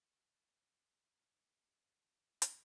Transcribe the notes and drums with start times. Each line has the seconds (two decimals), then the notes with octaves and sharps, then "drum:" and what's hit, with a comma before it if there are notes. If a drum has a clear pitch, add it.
1.21 G#2 A4
2.42 drum: hi-hat